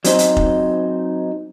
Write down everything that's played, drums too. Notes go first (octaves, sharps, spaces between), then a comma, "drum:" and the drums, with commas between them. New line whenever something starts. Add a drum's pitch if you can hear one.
F#3 C4 D#4 C5, drum: hi-hat
drum: hi-hat
drum: kick F1